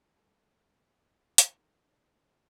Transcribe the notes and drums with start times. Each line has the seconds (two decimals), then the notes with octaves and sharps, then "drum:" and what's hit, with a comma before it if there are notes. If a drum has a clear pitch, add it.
0.16 G3 A3 G#4 A5
1.38 drum: hi-hat
1.48 D#3 A#4 C6